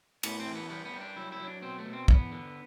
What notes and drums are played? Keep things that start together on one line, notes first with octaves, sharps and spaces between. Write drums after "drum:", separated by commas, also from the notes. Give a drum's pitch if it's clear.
A2 B3, drum: cymbal
C4
E3
B3
G3 B3
B3
G3
D4
F#3 E4
E4
F#3
D4
B2 C4
A3
B2
C4
E2 B3, drum: kick
D3